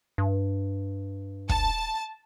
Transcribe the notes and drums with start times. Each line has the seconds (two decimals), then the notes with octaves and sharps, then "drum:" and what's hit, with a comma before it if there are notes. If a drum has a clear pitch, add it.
0.18 G2
1.49 A5, drum: kick